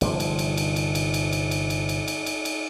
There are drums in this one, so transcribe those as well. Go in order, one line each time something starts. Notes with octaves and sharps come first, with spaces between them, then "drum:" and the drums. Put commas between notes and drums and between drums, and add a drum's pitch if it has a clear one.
G1 C3 F3, drum: cymbal
drum: cymbal
drum: cymbal
drum: cymbal
drum: cymbal
drum: cymbal
drum: cymbal
drum: cymbal
drum: cymbal
drum: cymbal
drum: cymbal
drum: cymbal
drum: cymbal
drum: cymbal